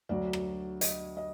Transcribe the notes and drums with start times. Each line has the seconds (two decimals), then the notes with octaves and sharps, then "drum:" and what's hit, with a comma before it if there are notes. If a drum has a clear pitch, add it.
0.09 D2 D3 F#3 D5
0.33 drum: rim click
0.81 D#5, drum: hi-hat
1.17 D#5